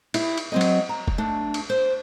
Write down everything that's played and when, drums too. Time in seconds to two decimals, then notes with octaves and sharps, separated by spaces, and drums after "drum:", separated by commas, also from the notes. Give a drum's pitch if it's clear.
0.14 E4 G4, drum: cymbal
0.38 drum: cymbal
0.52 F#3 C4 D#5
0.61 drum: cymbal
0.89 A#5
1.08 drum: kick
1.18 A3 D4
1.54 drum: cymbal
1.70 C5